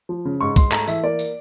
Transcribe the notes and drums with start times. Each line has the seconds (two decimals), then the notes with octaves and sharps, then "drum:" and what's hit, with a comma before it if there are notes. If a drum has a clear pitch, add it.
0.09 F3
0.25 C#3
0.41 G#2 C#6
0.56 G#2 C6, drum: kick, tambourine
0.72 A3 A#5, drum: clap
0.88 E3 E5, drum: tambourine
1.03 A#3 D5
1.19 drum: tambourine